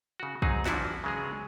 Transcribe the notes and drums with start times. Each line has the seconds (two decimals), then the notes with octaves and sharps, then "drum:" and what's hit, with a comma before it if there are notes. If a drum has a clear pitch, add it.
0.20 C#3 F#4
0.42 G#2 F#3 D#4 G#4, drum: kick
0.66 E3 F3 D4 E4 F#4, drum: snare
1.04 C#3 F#3 G#3 B3 G#4